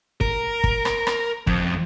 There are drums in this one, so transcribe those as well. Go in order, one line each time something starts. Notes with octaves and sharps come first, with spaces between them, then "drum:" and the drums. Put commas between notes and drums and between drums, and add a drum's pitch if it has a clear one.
A#4, drum: kick
drum: kick
drum: rim click
drum: rim click
F2, drum: kick